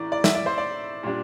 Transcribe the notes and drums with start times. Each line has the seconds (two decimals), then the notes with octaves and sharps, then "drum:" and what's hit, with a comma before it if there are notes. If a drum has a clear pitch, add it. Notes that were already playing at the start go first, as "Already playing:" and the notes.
Already playing: A2 E3 D5 A#5 D6
0.12 D5
0.24 E5, drum: snare
0.34 D5
0.46 C5
0.58 D5
1.03 A#2 G3 D4